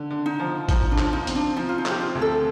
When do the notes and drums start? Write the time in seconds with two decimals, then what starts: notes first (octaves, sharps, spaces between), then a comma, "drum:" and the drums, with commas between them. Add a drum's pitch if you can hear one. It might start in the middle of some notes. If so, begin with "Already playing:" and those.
Already playing: D3
0.10 D3
0.26 D#4
0.40 F3
0.69 F3 D#4, drum: kick, hi-hat
0.91 D4
0.98 F3, drum: clap
1.13 D#4
1.27 C4, drum: hi-hat
1.35 D4
1.56 F3 D#4
1.69 F4
1.78 D#4
1.86 C4, drum: clap
1.91 G4
2.01 F4
2.15 D2
2.22 A4